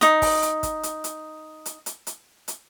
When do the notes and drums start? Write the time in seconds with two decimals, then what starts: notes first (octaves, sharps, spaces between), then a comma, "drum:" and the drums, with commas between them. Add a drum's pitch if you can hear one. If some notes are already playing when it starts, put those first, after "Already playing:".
0.01 D#4 D#6, drum: hi-hat
0.22 drum: kick, open hi-hat
0.42 drum: hi-hat
0.63 drum: kick, hi-hat
0.83 drum: hi-hat
1.04 drum: hi-hat
1.66 drum: hi-hat
1.86 drum: hi-hat
2.07 drum: hi-hat
2.48 drum: hi-hat